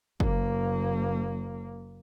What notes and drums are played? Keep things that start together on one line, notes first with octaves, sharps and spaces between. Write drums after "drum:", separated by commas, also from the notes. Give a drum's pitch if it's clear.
F#1 A#3, drum: kick F#1